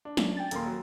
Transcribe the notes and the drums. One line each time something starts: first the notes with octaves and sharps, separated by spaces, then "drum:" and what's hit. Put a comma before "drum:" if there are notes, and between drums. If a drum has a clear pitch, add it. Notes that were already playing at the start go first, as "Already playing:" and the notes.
D4
F#3 C#4, drum: snare
G5 G#5 A6
D#1 A#3 C6, drum: hi-hat
F#3